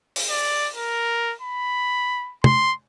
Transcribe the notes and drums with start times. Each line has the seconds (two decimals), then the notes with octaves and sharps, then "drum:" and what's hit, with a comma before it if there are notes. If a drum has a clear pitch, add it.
0.16 drum: open hi-hat
0.30 D5
0.75 A#4
1.42 B5
2.44 C6, drum: tom C3